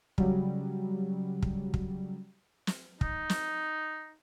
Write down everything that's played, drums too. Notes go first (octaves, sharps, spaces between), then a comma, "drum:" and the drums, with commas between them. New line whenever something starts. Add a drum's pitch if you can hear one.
C#3 F#3 G3, drum: kick
drum: kick
drum: kick
drum: snare
D#4, drum: kick
drum: snare